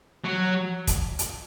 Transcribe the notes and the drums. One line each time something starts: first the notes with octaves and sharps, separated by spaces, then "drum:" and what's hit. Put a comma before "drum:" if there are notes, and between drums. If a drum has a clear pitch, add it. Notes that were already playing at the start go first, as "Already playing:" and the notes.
F#3
drum: kick, hi-hat
drum: hi-hat